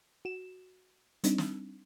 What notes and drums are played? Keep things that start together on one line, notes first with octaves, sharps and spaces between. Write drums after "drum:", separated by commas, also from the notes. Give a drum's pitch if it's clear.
F#4 E7
G3 C4 D4 D#4, drum: hi-hat
drum: snare